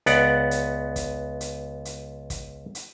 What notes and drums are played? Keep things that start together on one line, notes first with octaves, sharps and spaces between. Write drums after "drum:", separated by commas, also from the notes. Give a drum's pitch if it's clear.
C#2 B3 D5 F#5, drum: hi-hat
drum: hi-hat
drum: kick, hi-hat
drum: hi-hat
drum: hi-hat
drum: kick, hi-hat
drum: hi-hat